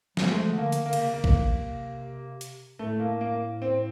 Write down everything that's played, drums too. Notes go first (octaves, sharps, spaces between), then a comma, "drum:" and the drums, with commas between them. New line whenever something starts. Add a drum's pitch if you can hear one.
F#3 G#3, drum: snare
F3 A3
D3
A#3
D3, drum: hi-hat
A#3
C#3, drum: cymbal
C#3
C3 A#3
drum: kick A1
drum: hi-hat
A2 A3
A#3
A#3
C4